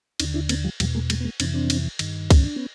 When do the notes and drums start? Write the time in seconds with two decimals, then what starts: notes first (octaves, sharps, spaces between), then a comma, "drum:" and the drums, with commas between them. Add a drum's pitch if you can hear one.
0.20 D#2 D3 C#4 D#4, drum: cymbal
0.34 D4 E4
0.49 A#3 C4, drum: cymbal
0.64 F3 G3
0.80 E2 B2 F3 G3, drum: cymbal
0.95 G#3 A#3
1.10 G3 A3, drum: cymbal
1.21 B3
1.24 G#3 A#3
1.40 F2 C3 E3 C4 D4, drum: cymbal
1.54 C4 D4
1.70 drum: cymbal
1.99 G2 D#3, drum: cymbal
2.30 C#4, drum: kick C2, cymbal
2.43 D4
2.56 B3 C#4